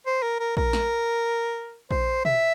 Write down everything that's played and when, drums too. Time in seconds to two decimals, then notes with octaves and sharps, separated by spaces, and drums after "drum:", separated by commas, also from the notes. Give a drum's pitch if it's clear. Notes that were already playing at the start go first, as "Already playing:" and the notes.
0.06 C5
0.22 A#4
0.40 A#4
0.57 A#4, drum: kick A#1
0.73 drum: snare
1.91 C5, drum: kick A#1
2.25 E5, drum: tom